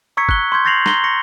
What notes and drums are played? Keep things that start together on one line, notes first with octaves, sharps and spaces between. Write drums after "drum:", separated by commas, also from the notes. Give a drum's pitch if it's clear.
A#5 C#6 E6 G#6 B6 C#7
F#6 G7, drum: kick
C6 C#6 G6 G#6
G6 A6 A#6 C7 F7 F#7
A#5 C6 G6 A#6 G7, drum: snare
C#6 A#6 C#7